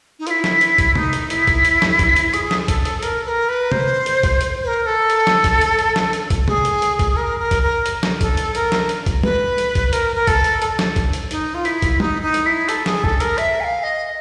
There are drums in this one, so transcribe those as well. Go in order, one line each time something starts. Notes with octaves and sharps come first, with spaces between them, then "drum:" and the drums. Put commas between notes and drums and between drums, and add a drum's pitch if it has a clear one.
D#4
F4, drum: hi-hat
E4
drum: snare
drum: hi-hat
drum: kick B1, hi-hat
D#4, drum: tom
drum: hi-hat
E4, drum: hi-hat
drum: kick B1, hi-hat
drum: hi-hat
drum: snare
drum: kick B1, hi-hat
drum: hi-hat
G#4, drum: hi-hat
drum: snare
A4, drum: kick B1, hi-hat
drum: hi-hat
A#4, drum: hi-hat
B4
A#4
B4
C5, drum: tom
drum: hi-hat
drum: kick B1, hi-hat
drum: hi-hat
B4
A#4
A4
drum: hi-hat
drum: snare
drum: kick B1, hi-hat
drum: hi-hat
drum: hi-hat
drum: snare
drum: hi-hat
drum: kick B1, hi-hat
G#4, drum: tom
drum: hi-hat
drum: hi-hat
drum: kick B1, hi-hat
A#4
A#4
drum: kick B1, hi-hat
A#4
drum: hi-hat
drum: snare
A4, drum: kick B1, hi-hat
drum: hi-hat
A#4, drum: hi-hat
drum: snare
drum: hi-hat
drum: kick B1, hi-hat
B4, drum: tom
drum: hi-hat
drum: kick B1, hi-hat
A#4, drum: hi-hat
A#4
A4, drum: kick B1, hi-hat
drum: hi-hat
drum: hi-hat
drum: snare
drum: kick B1, hi-hat
drum: hi-hat
D#4, drum: hi-hat
F4
E4, drum: hi-hat
drum: kick B1, hi-hat
D#4, drum: tom
D#4
drum: hi-hat
E4
A4, drum: hi-hat
G#4, drum: snare
A4, drum: kick B1
A#4, drum: hi-hat
E5, drum: hi-hat
G#5
F5
D#5